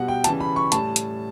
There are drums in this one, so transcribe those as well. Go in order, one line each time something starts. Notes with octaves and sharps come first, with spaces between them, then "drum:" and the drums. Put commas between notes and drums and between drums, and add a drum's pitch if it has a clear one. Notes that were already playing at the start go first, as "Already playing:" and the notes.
Already playing: B2 G3 F#5
G5
C#3 E3 G3 A5, drum: hi-hat
B5
C#6
A2 G3 A5, drum: hi-hat
drum: hi-hat